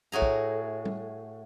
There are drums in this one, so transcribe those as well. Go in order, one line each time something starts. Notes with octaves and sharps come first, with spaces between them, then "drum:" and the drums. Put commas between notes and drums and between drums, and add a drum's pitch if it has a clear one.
A2 F#4 G#4 A#5
drum: kick
drum: tom G3